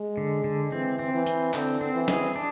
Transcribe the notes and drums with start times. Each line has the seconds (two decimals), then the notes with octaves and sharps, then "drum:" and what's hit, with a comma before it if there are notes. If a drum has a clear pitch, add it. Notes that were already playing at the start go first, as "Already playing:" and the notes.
Already playing: G#3
0.17 D3
0.44 D3
0.72 E3 C4
0.99 C4
1.13 E3
1.26 C4, drum: hi-hat
1.54 D3 C4, drum: clap
1.81 C4
1.94 E3
2.08 G#4, drum: snare
2.36 D4